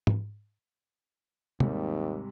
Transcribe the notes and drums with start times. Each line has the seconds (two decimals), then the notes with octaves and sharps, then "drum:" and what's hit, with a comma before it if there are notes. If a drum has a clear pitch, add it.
0.07 drum: tom G#2
1.60 D#2 G#2 C3 G3, drum: tom